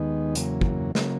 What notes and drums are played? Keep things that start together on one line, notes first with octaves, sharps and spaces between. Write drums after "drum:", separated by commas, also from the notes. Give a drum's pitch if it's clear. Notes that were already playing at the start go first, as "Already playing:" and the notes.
Already playing: D#2 D#3 G#3 B3 D#4
E2 C#3 F#3 A#3, drum: hi-hat
drum: kick
C#3 F#3 A#3, drum: snare